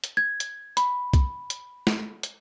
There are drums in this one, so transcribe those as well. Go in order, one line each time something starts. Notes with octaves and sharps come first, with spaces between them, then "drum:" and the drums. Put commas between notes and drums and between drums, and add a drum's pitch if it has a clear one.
drum: hi-hat
G#6
drum: hi-hat
B5, drum: hi-hat
drum: kick C2, hi-hat
drum: hi-hat
drum: snare
drum: hi-hat